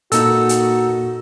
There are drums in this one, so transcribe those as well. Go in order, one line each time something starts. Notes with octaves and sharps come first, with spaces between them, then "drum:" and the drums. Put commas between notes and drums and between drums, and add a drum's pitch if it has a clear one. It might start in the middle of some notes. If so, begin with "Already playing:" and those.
A#2 A#3 D#4 F#4 A4 E6, drum: hi-hat
drum: hi-hat